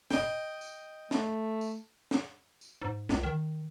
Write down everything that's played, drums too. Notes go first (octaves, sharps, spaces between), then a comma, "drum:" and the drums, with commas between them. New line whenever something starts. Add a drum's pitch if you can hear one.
D#5 G5, drum: snare
drum: tambourine
A3, drum: snare
drum: tambourine
drum: snare
drum: tambourine
G#2
C#2, drum: snare
D#3